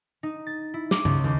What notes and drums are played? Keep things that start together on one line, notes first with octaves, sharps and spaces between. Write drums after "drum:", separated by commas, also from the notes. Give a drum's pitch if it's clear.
D#4
A6
E4
D6, drum: snare
C#2, drum: tom G2
D#2